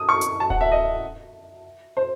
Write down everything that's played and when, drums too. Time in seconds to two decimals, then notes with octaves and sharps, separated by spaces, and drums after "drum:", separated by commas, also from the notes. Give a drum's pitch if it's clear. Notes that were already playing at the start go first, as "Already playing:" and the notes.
Already playing: D#6
0.09 C#6
0.21 drum: hi-hat
0.40 A5
0.50 F#5, drum: kick D1
0.61 E5
0.72 D#5
1.97 C5